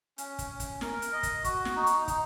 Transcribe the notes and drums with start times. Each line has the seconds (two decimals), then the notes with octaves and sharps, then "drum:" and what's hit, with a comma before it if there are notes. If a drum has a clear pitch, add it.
0.18 C#4, drum: hi-hat
0.39 drum: kick, hi-hat
0.50 C#4
0.60 drum: kick, hi-hat
0.81 A#4, drum: snare
1.02 drum: hi-hat
1.13 D#5
1.23 drum: kick, hi-hat
1.44 F#4, drum: kick, hi-hat
1.65 drum: snare
1.76 D#4
1.87 drum: hi-hat
2.08 D#4, drum: kick, hi-hat